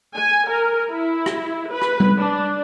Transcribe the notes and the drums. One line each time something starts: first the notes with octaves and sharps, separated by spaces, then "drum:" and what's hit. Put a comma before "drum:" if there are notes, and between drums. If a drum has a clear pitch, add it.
G#5
A#4
E4
drum: rim click
B4
drum: rim click
drum: tom G3
D4